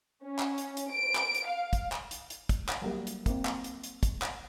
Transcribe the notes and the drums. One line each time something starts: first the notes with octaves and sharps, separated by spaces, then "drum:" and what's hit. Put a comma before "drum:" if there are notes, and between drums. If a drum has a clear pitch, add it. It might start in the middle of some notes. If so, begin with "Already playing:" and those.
C#4
drum: clap
drum: hi-hat
drum: hi-hat
D7
drum: clap
drum: hi-hat
F5
drum: kick, hi-hat
drum: clap
drum: hi-hat
drum: hi-hat
drum: kick, hi-hat
drum: clap
F#3 G3 A#3
drum: hi-hat
A#3 C4, drum: kick, hi-hat
drum: clap
drum: hi-hat
drum: hi-hat
drum: kick, hi-hat
drum: clap